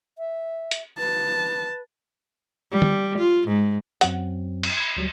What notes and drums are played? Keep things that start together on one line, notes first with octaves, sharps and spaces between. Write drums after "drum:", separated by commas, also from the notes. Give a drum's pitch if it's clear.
E5
drum: hi-hat
B4 A5
G3
drum: tom
F4
G#2
F#2 F#3 C4 F#5, drum: hi-hat
drum: cymbal
B5 G#6
D2 F#3 G3